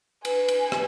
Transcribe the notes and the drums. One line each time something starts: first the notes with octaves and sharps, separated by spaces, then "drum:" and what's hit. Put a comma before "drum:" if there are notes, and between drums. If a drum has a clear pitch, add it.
B4 G#5, drum: cymbal
drum: cymbal
drum: rim click